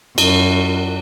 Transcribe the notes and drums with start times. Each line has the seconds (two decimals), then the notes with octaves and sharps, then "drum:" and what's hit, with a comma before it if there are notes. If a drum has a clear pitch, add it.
0.18 F#2, drum: cymbal